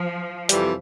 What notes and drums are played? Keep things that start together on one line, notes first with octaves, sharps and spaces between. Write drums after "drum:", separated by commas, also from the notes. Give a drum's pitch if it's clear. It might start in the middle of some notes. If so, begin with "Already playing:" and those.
Already playing: F3
F2 C3 E3 G3, drum: hi-hat